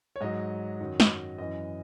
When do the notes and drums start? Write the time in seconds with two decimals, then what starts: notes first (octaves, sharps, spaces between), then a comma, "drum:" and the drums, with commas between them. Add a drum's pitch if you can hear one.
0.16 C#5
0.21 G#2 F#3 D#5
0.80 F#2 D#3 F#3
1.00 drum: snare
1.38 F#2 E3 D#5